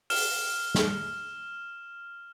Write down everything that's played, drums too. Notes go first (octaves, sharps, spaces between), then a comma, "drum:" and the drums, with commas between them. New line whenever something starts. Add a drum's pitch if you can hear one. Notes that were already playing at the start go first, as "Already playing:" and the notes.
F6 E7, drum: open hi-hat
drum: snare